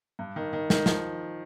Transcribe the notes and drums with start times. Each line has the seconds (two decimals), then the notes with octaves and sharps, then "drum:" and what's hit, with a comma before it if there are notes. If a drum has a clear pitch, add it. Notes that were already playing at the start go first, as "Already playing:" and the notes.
0.19 G2
0.36 D#3
0.53 D#3
0.70 D#3, drum: snare
0.86 F3, drum: snare